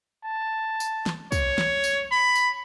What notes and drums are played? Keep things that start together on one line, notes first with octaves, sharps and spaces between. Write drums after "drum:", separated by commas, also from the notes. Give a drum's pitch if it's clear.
A5
drum: tambourine
drum: snare
C#5, drum: kick, tambourine
drum: snare
drum: tambourine
B5
drum: tambourine